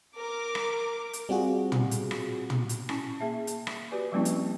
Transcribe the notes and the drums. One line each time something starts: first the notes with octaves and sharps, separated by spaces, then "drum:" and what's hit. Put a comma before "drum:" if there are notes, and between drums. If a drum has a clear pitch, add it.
A#4 D6
drum: rim click
drum: hi-hat
G3 C4 F4 F#4 G#4
drum: tom
drum: hi-hat
drum: rim click
drum: tom
drum: hi-hat
C#4 E4 G#5, drum: rim click
A#3 G#4 E5 A5
drum: hi-hat
drum: rim click
F#4 G4 B4 D5 G#5
F3 G3 A#3 C4 C#4 E4
drum: hi-hat